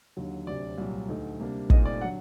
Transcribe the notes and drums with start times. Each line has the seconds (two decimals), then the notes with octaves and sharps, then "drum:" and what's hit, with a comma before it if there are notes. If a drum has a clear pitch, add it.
0.16 D#2 D3 F#3
0.47 D2 C3 F#3 D5
0.78 C2 A#2 F#3
1.08 D2 D3 A3 D#4
1.39 C3 G3 A#3 D4
1.70 C2 A#2 A3 C4 D#4 D#5, drum: kick
1.85 D5
2.01 D3 F#3 F#5